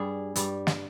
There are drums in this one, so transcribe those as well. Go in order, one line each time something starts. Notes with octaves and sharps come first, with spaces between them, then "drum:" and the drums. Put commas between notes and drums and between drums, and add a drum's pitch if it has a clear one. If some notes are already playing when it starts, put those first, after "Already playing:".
Already playing: G2 G3 G#4
G2 G3, drum: hi-hat
drum: snare